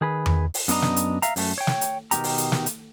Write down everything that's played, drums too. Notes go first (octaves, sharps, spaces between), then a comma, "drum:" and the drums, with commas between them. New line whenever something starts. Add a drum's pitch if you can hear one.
D#3 G#4 B4
drum: tom E2
drum: open hi-hat
F#2 B3 D4 D#5 A#5, drum: hi-hat
drum: snare
drum: hi-hat
E5 F5 A#5, drum: hi-hat
F#2 A3, drum: open hi-hat
C#5 G5
drum: snare
drum: hi-hat
B2 D#3 B3 G4 A#5, drum: hi-hat
drum: open hi-hat
drum: hi-hat
drum: snare
drum: hi-hat